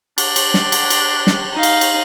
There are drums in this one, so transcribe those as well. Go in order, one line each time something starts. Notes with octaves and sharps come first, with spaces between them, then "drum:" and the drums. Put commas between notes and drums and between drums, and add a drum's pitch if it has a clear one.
D4, drum: cymbal
drum: cymbal
drum: snare
drum: cymbal
drum: cymbal
drum: snare
D#4 F5
drum: cymbal
drum: cymbal